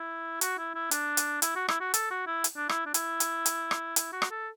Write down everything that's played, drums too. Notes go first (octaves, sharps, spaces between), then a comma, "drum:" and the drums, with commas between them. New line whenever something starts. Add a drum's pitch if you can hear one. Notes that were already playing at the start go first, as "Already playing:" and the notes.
Already playing: E4
F#4, drum: hi-hat
E4
E4
D4, drum: hi-hat
drum: hi-hat
E4, drum: hi-hat
F#4
E4, drum: rim click
F#4
A4, drum: hi-hat
F#4
E4
drum: hi-hat
D4
E4, drum: rim click
D4
E4, drum: hi-hat
drum: hi-hat
drum: hi-hat
drum: rim click
E4, drum: hi-hat
F#4
drum: rim click
A4